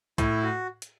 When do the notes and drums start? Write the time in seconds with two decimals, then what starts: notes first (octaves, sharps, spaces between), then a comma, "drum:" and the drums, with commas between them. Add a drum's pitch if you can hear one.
0.18 A2 E4, drum: kick, hi-hat
0.43 F#4
0.82 drum: hi-hat